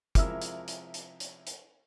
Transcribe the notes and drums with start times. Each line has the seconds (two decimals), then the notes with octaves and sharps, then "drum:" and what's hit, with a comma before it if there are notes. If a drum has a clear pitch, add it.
0.15 C3 F3 G#3 E4 A#4 E6, drum: kick, hi-hat
0.42 drum: hi-hat
0.68 drum: hi-hat
0.94 drum: hi-hat
1.20 drum: hi-hat
1.47 drum: hi-hat